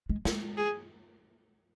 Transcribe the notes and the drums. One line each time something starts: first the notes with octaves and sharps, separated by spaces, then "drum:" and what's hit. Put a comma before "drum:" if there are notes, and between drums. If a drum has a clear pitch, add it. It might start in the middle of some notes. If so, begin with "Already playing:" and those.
G#3
G#3, drum: snare
G#4